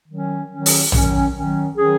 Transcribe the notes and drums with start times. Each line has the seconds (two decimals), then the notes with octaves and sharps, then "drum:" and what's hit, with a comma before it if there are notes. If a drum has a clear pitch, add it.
0.08 D#3 F#3 C#4
0.51 D#3 F#3 C#4
0.66 drum: open hi-hat
0.92 D#3 F#3 C#4, drum: tom A#1
1.34 D#3 F#3 C#4
1.76 D#3 F#3 C#4 G#4